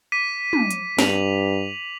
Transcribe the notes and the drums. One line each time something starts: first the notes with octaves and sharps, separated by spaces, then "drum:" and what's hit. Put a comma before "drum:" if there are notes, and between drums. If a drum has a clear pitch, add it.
D6 B6 D#7
drum: tom
drum: hi-hat
G2 F7 F#7, drum: snare